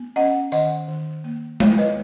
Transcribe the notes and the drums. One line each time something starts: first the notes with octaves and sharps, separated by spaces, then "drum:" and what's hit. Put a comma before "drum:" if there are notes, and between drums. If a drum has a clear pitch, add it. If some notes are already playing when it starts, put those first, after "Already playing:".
Already playing: B3
C#4 D#5 F#5
D#3 D#5 F#5, drum: tambourine
D#3
A#3
B3 C#5 F5, drum: tom G#3
B4 D#5